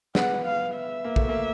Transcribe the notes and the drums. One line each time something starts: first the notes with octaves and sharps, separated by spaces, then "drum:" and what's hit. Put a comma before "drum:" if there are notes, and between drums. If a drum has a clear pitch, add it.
B3 F#5, drum: snare
F5
E5
A#3
A3, drum: kick A1
A#3